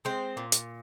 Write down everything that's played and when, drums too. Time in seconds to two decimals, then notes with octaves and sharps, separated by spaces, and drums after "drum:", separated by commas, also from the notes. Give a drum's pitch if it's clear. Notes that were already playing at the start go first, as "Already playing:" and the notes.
0.05 G#3 C4 C5
0.37 A#2
0.52 drum: hi-hat